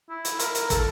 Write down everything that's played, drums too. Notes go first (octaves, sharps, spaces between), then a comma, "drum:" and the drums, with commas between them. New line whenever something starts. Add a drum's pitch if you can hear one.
E4
drum: hi-hat
A#4, drum: hi-hat
drum: hi-hat
A4, drum: kick, hi-hat